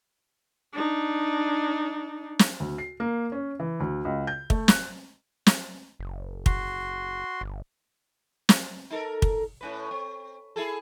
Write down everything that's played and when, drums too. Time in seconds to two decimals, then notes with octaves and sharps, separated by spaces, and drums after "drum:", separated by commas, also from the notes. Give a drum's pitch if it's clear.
0.73 D4 D#4
2.39 drum: snare
2.60 D2
2.78 C7
3.00 A#3
3.32 C#4
3.60 E3
3.80 D2
4.05 C#2
4.27 G6
4.50 A3, drum: kick
4.68 F#6, drum: snare
5.47 drum: snare
5.99 F#1
6.46 F#4 C6, drum: kick
7.41 G1
8.49 drum: snare
8.91 D#4 A4 A#4
9.22 drum: kick
9.61 A2 C#4 B4
9.91 C4
10.56 E4 G#4 A4